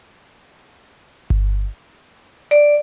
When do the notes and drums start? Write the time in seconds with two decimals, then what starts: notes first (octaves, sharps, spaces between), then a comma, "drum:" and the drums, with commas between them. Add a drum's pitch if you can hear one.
1.30 drum: kick G1
2.51 D5